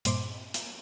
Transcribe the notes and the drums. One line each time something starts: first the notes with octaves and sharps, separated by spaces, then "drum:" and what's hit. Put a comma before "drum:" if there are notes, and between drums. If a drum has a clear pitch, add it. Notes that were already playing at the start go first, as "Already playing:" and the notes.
G2 A#2 C5 C6 D6, drum: hi-hat
drum: hi-hat